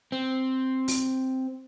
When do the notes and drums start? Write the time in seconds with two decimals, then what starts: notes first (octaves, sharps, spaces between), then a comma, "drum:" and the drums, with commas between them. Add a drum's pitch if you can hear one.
0.12 C4
0.88 drum: open hi-hat